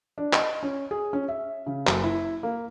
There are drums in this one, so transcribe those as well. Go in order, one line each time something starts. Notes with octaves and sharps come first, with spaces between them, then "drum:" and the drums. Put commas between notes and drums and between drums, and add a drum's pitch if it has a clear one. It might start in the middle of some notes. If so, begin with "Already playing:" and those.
D4
D#5, drum: clap
C#4
G#4
C#4
E5
C#3
F#1, drum: clap
E4
A#3